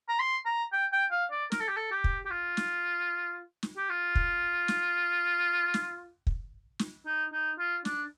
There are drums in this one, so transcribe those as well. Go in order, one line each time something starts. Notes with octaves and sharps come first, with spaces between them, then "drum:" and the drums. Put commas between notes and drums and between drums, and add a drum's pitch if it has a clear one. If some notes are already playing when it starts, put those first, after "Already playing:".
A#5
C6
A#5
G5
G5
F5
D5
A#4, drum: snare
A4
G4
A4
G4
drum: kick
G4
F4
drum: snare
drum: snare
G4
F4
drum: kick
drum: snare
drum: snare
drum: kick
drum: snare
D#4
D#4
F4
D4, drum: snare